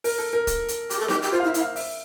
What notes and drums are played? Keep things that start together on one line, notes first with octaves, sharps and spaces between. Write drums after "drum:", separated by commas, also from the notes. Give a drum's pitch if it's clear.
A#4, drum: open hi-hat
A4
A#4
drum: kick, hi-hat
drum: hi-hat
G4, drum: hi-hat
A4
G4, drum: snare D#4
G4
F4 C5
F5
E4
E5
E4, drum: hi-hat
F5
E5, drum: open hi-hat